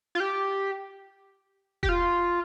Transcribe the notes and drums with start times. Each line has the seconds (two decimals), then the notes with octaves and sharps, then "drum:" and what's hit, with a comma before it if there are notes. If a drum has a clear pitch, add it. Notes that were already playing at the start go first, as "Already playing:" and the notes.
0.15 F4
0.20 G4
1.83 G4, drum: kick E1
1.89 F4